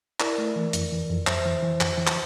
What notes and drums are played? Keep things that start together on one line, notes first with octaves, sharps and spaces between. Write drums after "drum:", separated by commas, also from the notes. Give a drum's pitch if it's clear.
E4 A#4 D5, drum: clap
A3
E3
F2, drum: hi-hat
E3
F2
F2 C5 E5, drum: clap
E3
E3
F2, drum: clap
E3
drum: clap